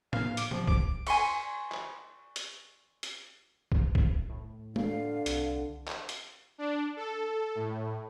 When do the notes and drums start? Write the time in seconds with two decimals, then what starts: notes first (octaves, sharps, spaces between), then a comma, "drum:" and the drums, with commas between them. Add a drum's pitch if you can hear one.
0.13 F5, drum: tom
0.37 D6, drum: hi-hat
0.51 F3, drum: tom A#2
0.67 D6, drum: kick
1.07 G#5 C6 C#6, drum: cymbal
1.72 drum: clap
2.36 drum: hi-hat
3.03 drum: hi-hat
3.72 drum: kick
3.95 C2, drum: kick
4.30 A2
4.76 D3 F5, drum: tom G#3
5.26 C2, drum: hi-hat
5.87 drum: clap
6.09 drum: hi-hat
6.58 D4
6.97 A4
7.55 A2